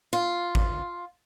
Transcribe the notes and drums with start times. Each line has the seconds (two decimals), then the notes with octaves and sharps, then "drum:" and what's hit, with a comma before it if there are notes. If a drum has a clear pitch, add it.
0.13 F4
0.55 drum: kick G#1